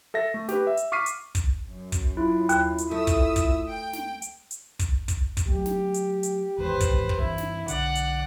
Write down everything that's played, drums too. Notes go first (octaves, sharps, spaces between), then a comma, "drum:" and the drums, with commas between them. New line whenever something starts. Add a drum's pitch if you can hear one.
A4 E5 A#6
A3
G4 B4, drum: snare
E5
drum: hi-hat
C#6 D6 F6 B6 C7 D#7
drum: hi-hat
drum: kick, hi-hat
F#2
drum: kick, hi-hat
E4 F4
D#2, drum: hi-hat
drum: hi-hat
A3 E5 D#6 E6
drum: kick, hi-hat
drum: kick, hi-hat
G5
drum: snare
drum: hi-hat
drum: hi-hat
drum: kick, hi-hat
drum: kick, hi-hat
drum: kick, hi-hat
F#3 A3 G4
drum: snare
drum: hi-hat
drum: hi-hat
G#1 E2 G#2 B4 C5
drum: kick, hi-hat
drum: kick
G2 E3 E4
drum: snare
B1 D3 D5 F#5, drum: hi-hat
drum: hi-hat